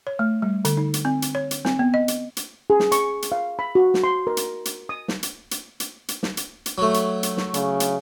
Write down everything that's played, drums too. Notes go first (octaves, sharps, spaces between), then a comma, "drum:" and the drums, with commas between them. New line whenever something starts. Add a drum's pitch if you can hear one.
C#5
A3
G3
D3, drum: hi-hat
D#4
drum: hi-hat
C4
drum: hi-hat
C#5
drum: hi-hat
C4, drum: snare
B3
D#5
drum: hi-hat
drum: hi-hat
G#4
drum: snare
C#6, drum: hi-hat
drum: hi-hat
F5
B5
F#4
drum: snare
C6
A#4
drum: hi-hat
drum: hi-hat
D#6
drum: snare
drum: hi-hat
drum: hi-hat
drum: hi-hat
drum: hi-hat
drum: snare
drum: hi-hat
drum: hi-hat
F#3 A3
drum: hi-hat
drum: hi-hat
drum: snare
C#3, drum: hi-hat
drum: hi-hat